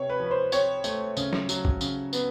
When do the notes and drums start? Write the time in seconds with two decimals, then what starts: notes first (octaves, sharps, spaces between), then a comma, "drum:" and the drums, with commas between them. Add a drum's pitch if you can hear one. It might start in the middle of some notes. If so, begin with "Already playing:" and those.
Already playing: C3 B3 C#5
0.09 B4
0.20 F3
0.26 B4
0.31 C5
0.52 C4 C#5, drum: tambourine
0.84 A3, drum: tambourine
1.17 C#3, drum: tambourine
1.33 drum: snare
1.49 F#3, drum: tambourine
1.65 drum: kick
1.81 C#3, drum: tambourine
2.13 B3, drum: tambourine